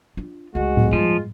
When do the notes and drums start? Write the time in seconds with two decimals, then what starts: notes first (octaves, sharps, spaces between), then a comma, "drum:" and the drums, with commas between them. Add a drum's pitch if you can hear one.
0.17 D4 F4
0.55 C#2 G#3 A3 F#4
0.77 drum: tom A2
0.93 F3 G3 F4